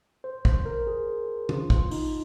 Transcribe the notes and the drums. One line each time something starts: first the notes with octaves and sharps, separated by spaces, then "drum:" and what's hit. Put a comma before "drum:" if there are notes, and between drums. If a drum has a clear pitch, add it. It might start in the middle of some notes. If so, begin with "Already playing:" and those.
C5
C5, drum: kick
A#4
G#4
F4, drum: tom D#3
F4, drum: kick
D#4, drum: open hi-hat